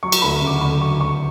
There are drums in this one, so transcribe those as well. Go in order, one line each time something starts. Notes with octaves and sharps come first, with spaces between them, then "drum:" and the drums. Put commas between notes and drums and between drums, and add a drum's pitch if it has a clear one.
F#3 C#6
drum: cymbal
D2 B5
C#3
D6
C#6
D2 B5
F#3 C#6
D2 C#6